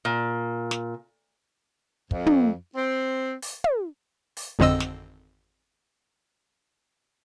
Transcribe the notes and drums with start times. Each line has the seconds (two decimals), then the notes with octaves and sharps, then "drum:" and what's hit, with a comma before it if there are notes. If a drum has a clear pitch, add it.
0.05 A#2
0.71 drum: snare
2.11 F2, drum: kick
2.26 drum: tom
2.74 C4
3.42 drum: open hi-hat
3.64 drum: tom
4.37 drum: open hi-hat
4.59 G#1 F2 D3 C4 D#5 E6
4.80 drum: snare